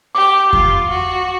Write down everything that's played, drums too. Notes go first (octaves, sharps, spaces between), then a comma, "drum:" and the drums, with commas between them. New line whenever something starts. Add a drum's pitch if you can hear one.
G4 D6
F4, drum: kick F2
F#4